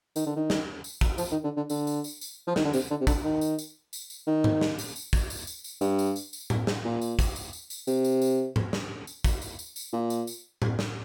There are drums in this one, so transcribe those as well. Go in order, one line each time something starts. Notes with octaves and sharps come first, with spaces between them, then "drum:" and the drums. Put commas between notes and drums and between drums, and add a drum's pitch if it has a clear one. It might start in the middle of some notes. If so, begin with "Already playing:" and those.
D#3, drum: tambourine
D3
D#3
drum: snare
drum: tambourine
drum: kick, tambourine
F3, drum: tambourine
D#3
D3
D3
D3, drum: tambourine
drum: tambourine
drum: tambourine
drum: tambourine
F3
D#3, drum: snare
D3
C3, drum: tambourine
D3
C3
D3, drum: kick, tambourine
D#3
drum: tambourine
drum: tambourine
drum: tambourine
drum: tambourine
D#3
drum: tom G#2
drum: snare
drum: tambourine
drum: tambourine
drum: kick, tambourine
drum: tambourine
drum: tambourine
drum: tambourine
G2, drum: tambourine
drum: tambourine
drum: tambourine
drum: tambourine
drum: tom A2
drum: snare
A#2
drum: tambourine
drum: kick, tambourine
drum: tambourine
drum: tambourine
drum: tambourine
C3, drum: tambourine
drum: tambourine
drum: tambourine
drum: tom G#2
drum: snare
drum: tambourine
drum: kick, tambourine
drum: tambourine
drum: tambourine
drum: tambourine
A#2
drum: tambourine
drum: tambourine
drum: tom A2
drum: snare